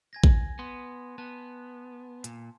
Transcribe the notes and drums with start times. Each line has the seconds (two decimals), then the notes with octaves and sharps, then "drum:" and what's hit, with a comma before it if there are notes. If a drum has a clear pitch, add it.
0.13 G#5 G#6 A#6
0.24 drum: kick A1
0.59 B3 C6
1.18 B3 A5
2.24 A#2, drum: hi-hat